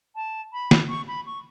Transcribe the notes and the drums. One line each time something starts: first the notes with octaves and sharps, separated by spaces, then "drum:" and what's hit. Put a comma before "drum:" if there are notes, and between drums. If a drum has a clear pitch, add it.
A5
B5
drum: snare
C#6
B5
C#6